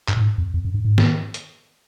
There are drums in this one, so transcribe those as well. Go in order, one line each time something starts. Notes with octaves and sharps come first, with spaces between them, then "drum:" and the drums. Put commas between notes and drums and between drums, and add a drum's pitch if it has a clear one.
G2, drum: clap
A2
G#2
F2
F2
F#2
G2
G#2
drum: snare
drum: hi-hat